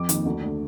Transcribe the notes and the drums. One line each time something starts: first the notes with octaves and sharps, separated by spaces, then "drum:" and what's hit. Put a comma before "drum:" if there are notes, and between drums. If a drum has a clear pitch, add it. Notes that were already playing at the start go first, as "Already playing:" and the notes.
Already playing: F2 D6
D#3 A#3, drum: hi-hat
D2
D3 A3